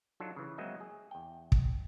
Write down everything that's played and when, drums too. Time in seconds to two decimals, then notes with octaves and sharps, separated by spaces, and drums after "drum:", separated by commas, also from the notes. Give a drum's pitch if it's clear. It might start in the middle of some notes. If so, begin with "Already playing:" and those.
0.20 F#3 D4 D#4 F4 A4
0.36 C#3 E3
0.58 F#3 G#3 A#3 C4 D#5 E5
0.81 G#4
1.11 E2 G5
1.52 drum: kick